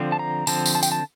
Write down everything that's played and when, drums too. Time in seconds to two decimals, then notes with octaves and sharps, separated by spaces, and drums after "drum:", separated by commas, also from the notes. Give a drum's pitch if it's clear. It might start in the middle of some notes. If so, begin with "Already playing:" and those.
Already playing: D3 F3 C4
0.12 A5
0.19 A#5
0.47 D3 F3 C4 A5, drum: tambourine
0.66 drum: tambourine
0.75 A5
0.83 G5, drum: tambourine
0.92 A5